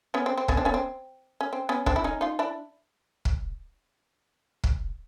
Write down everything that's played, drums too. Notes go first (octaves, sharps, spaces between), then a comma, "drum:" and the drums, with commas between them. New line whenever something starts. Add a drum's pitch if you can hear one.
B3 C#4
C4
C4
B3 C#4, drum: kick
C4 D4
B3 C#4
C4
C#4
C4
B3 C#4
C4 D4, drum: kick
E4
C#4 D#4
D#4 F4
D4 E4
drum: kick
drum: kick